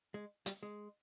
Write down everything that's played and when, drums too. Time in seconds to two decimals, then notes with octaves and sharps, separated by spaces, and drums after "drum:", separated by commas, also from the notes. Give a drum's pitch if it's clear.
0.14 G#3
0.46 G3, drum: hi-hat
0.63 G#3